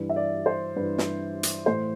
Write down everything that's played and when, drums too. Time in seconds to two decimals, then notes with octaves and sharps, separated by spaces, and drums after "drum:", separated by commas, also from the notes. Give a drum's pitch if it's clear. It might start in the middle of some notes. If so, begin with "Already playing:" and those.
Already playing: G2 E3 B4
0.09 E5
0.16 D5
0.46 C5
0.76 G2 E3 B4
0.98 drum: snare
1.43 drum: hi-hat
1.65 A2 E3 C5